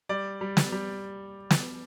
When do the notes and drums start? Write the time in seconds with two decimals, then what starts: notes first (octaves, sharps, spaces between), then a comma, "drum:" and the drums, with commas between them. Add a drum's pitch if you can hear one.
0.09 G3 D5
0.41 G3
0.57 drum: snare
0.72 G3
1.50 drum: snare